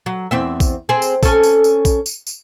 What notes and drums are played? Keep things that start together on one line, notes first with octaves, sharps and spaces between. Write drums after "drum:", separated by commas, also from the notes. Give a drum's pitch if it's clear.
F#3
E2 C4 E5
drum: kick A#1, tambourine
C4 G#4
drum: tambourine
C#4 A4, drum: kick A#1, tambourine
drum: tambourine
drum: tambourine
drum: kick A#1, tambourine
drum: tambourine
drum: tambourine